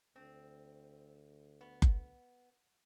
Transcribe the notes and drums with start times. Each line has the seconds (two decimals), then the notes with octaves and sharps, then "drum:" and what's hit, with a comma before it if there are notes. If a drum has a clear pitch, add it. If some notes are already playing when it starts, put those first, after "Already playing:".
0.16 D2 C4
1.61 B3
1.82 drum: kick F#1